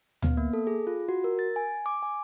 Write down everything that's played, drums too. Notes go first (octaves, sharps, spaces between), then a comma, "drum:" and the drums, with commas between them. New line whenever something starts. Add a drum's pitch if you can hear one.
B3, drum: tom D2
A#3
A4
G#4
F4
F#4
A#4
A6
G#5
D6
G#5